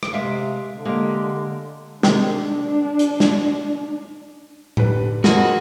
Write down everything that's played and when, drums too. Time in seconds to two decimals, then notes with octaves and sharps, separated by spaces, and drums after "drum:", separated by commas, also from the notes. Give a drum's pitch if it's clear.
0.03 drum: rim click
0.13 C3 G#3 E5 F5
0.72 D3
0.85 G#3 A#3 G4
2.03 C3 D#3 G#3 D4, drum: snare
2.99 drum: hi-hat
3.20 drum: snare
4.77 D3 G3 B4, drum: tom A2
5.24 F2 E4 F#4 G#4 A#4 D#7, drum: snare